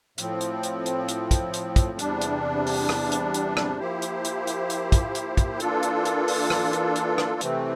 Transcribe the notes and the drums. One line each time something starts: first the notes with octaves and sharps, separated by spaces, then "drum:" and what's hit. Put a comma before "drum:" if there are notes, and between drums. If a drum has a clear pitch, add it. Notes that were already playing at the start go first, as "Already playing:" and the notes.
A2 F3 C4, drum: hi-hat
drum: hi-hat
drum: hi-hat
drum: hi-hat
drum: hi-hat
drum: kick, hi-hat
drum: hi-hat
drum: kick, hi-hat
E2 C3 G3 D4, drum: hi-hat
drum: hi-hat
drum: open hi-hat
drum: rim click
drum: hi-hat
drum: hi-hat
drum: rim click
F3 A#3 E4 G4 C5
drum: hi-hat
drum: hi-hat
drum: hi-hat
drum: hi-hat
drum: kick, hi-hat
drum: hi-hat
drum: kick, hi-hat
E3 A#3 D4 F4 A4, drum: hi-hat
drum: hi-hat
drum: hi-hat
drum: open hi-hat
drum: rim click
drum: hi-hat
drum: hi-hat
drum: rim click
C3 E3 A3 C4, drum: hi-hat